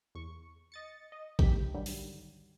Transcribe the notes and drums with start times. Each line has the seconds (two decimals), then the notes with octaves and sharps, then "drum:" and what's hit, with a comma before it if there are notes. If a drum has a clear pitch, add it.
0.15 E2 C#6
0.72 D#5 A6 C#7
1.12 D#5
1.39 A#1 F2 G4 G6 B6, drum: kick A1
1.74 G2 D3 D#3 F#3 G3
1.86 drum: open hi-hat